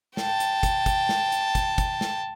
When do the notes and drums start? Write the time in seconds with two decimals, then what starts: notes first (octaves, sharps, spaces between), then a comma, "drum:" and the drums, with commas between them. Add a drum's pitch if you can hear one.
0.17 G5 A5, drum: snare
0.40 drum: hi-hat
0.63 drum: kick, hi-hat
0.86 drum: kick, hi-hat
1.09 drum: snare
1.32 drum: hi-hat
1.55 drum: kick, hi-hat
1.78 drum: kick, hi-hat
2.01 drum: snare